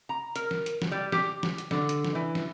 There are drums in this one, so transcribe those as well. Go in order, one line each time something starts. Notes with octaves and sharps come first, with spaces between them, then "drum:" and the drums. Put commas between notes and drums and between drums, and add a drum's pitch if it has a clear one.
A#5
A#4, drum: hi-hat
drum: snare
drum: hi-hat
drum: snare
G3
G4, drum: snare
drum: snare
drum: hi-hat
D3, drum: snare
drum: hi-hat
drum: snare
E3
drum: snare